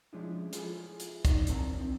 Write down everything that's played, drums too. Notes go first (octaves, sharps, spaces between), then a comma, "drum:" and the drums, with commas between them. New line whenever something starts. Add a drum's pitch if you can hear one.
F3 G#3 A3 C#4 D4 E4
E4 F4 G#4 A4 C5, drum: hi-hat
drum: hi-hat
D#4 C#5 D5 F#5, drum: kick, hi-hat
B1 E3 C4 D4 A#4 A5, drum: hi-hat
C4 D4 D#4